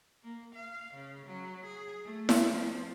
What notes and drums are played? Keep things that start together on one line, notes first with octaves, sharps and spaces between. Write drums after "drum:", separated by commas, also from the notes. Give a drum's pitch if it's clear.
A#3
F5
C#3
F#3
G#4
A3
drum: snare E4
F3